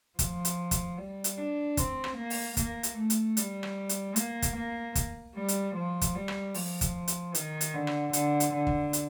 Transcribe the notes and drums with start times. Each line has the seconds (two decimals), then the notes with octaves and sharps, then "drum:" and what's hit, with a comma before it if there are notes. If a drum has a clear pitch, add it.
0.19 F3, drum: kick, hi-hat
0.45 drum: hi-hat
0.71 drum: kick, hi-hat
0.98 G3
1.24 drum: hi-hat
1.38 D4
1.77 C4, drum: kick, hi-hat
2.04 drum: rim click
2.16 A#3
2.30 drum: open hi-hat
2.57 A#3, drum: kick, hi-hat
2.83 drum: hi-hat
2.96 A3
3.10 drum: hi-hat
3.37 G3, drum: hi-hat
3.63 drum: rim click
3.89 drum: hi-hat
4.16 A#3, drum: hi-hat
4.42 drum: kick, hi-hat
4.56 A#3
4.95 drum: kick, hi-hat
5.35 G3
5.48 drum: hi-hat
5.75 F3
6.01 drum: kick, hi-hat
6.15 G3
6.28 drum: rim click
6.54 F3, drum: open hi-hat
6.81 drum: kick, hi-hat
7.08 drum: hi-hat
7.35 D#3, drum: hi-hat
7.61 drum: hi-hat
7.74 D3
7.87 drum: rim click
8.13 D3, drum: hi-hat
8.40 drum: hi-hat
8.53 D3
8.67 drum: kick
8.93 drum: hi-hat